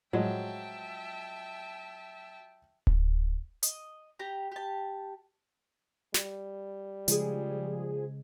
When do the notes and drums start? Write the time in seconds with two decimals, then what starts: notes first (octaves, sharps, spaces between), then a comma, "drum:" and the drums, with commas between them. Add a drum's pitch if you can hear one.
0.13 A2 F3 F#3 G#3 E5 G5 A5
2.87 drum: kick D1
3.63 D#5, drum: hi-hat
4.19 G4 A#5
4.52 G4 A5
6.14 G3, drum: snare
7.08 C#3 F3 G#3 G#4, drum: hi-hat